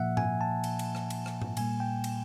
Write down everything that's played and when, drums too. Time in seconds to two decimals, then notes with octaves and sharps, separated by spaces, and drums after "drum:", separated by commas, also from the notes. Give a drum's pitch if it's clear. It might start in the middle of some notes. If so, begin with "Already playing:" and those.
Already playing: A#2 F3 A#3 E5 F#5
0.17 G#5, drum: tom G#2
0.41 A5
0.64 drum: cymbal
0.79 drum: cymbal
0.95 drum: rim click
1.10 drum: cymbal
1.26 drum: rim click
1.42 drum: tom G#2
1.57 A#2 G3 A#3 G#5, drum: cymbal
1.80 G5
2.04 drum: cymbal